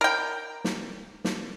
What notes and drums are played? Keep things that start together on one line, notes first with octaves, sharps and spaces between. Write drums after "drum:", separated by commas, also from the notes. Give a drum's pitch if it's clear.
A#4 G5
drum: snare
drum: snare